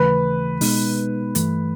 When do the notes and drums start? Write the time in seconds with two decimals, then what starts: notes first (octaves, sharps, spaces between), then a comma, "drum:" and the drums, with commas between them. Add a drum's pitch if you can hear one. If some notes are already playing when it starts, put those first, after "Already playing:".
Already playing: D#2 C#3 E3 A3 B4
0.61 B2 G#3 B3 D#4, drum: open hi-hat
1.35 G2 E3 A3, drum: hi-hat